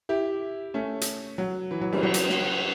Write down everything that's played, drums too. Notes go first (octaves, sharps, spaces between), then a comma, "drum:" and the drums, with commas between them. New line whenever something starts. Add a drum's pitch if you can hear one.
E4 G4
A3 C#4
drum: hi-hat
F#3
E3
F#3
E3 G3, drum: cymbal
F#3
drum: hi-hat
drum: snare